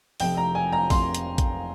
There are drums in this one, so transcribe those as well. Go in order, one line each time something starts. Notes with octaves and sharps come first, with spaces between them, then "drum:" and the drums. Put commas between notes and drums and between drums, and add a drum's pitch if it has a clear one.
F1 F2 C3 G5, drum: open hi-hat
A#5
G#5
A#5
F1 F2 C3 C6, drum: kick A#1, open hi-hat
drum: hi-hat
drum: kick A#1, hi-hat